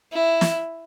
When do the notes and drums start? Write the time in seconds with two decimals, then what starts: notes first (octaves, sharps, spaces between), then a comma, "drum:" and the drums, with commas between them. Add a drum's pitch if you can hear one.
0.13 E4
0.41 drum: snare